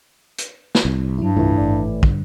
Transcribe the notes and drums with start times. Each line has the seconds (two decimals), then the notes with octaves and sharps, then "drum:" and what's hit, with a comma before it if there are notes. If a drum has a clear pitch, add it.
0.38 drum: hi-hat
0.75 drum: snare
0.85 C2
1.18 G2 F#3 E4
1.37 C2 A2 E3 F4
1.58 G#1 D5
2.03 G2 D3, drum: kick